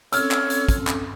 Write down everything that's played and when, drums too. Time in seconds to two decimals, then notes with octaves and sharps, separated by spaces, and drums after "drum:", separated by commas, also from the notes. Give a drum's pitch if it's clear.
0.12 C4 C#4 A4 C#5 E6 F6, drum: hi-hat
0.31 drum: clap
0.50 drum: hi-hat
0.68 drum: kick, hi-hat
0.87 drum: clap